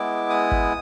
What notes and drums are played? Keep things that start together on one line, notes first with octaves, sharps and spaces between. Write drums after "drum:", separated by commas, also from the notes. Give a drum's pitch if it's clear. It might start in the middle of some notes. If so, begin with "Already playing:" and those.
Already playing: G#3 B3 E4 D6
D#6
drum: kick G1